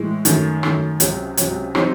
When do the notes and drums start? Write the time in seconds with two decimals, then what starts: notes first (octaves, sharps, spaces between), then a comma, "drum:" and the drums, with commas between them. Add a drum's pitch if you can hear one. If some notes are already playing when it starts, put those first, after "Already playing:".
Already playing: A2 E3 G#3
0.25 F#2 D#3 A3, drum: hi-hat
0.63 F#2 D#3 A3, drum: rim click
1.00 C#2 C3 F#3, drum: hi-hat
1.37 C#2 C3 F#3, drum: hi-hat
1.75 C3 F#3 C4 D#4, drum: rim click